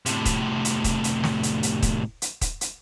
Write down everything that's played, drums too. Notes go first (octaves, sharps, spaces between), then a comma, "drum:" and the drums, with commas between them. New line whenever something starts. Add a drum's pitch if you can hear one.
A2 C3, drum: hi-hat
drum: kick D#1, hi-hat
drum: hi-hat
drum: kick D#1, hi-hat
drum: hi-hat
drum: snare
drum: hi-hat
drum: hi-hat
drum: kick D#1, hi-hat
drum: hi-hat
drum: kick D#1, hi-hat
drum: hi-hat